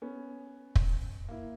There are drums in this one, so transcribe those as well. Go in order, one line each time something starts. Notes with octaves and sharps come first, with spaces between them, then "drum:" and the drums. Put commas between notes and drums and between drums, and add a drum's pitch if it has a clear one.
B3 C#4
drum: kick
A#3 E4